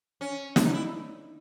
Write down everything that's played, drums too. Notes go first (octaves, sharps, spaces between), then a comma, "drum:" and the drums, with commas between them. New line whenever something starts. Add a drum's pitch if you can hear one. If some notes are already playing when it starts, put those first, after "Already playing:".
C#4
D4, drum: snare
D#4
E4